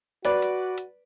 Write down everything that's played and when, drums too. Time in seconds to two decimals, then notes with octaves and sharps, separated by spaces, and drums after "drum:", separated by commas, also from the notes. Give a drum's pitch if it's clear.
0.25 F#4 B4 D5, drum: hi-hat
0.42 drum: hi-hat
0.78 drum: hi-hat